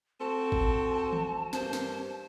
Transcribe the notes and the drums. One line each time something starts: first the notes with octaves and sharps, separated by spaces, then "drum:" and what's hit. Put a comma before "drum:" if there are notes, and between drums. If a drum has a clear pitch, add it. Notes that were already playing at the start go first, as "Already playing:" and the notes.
C4 F#4 A4 A5
drum: kick G#1
drum: tom D#3
G2 A#3 C5, drum: snare
drum: snare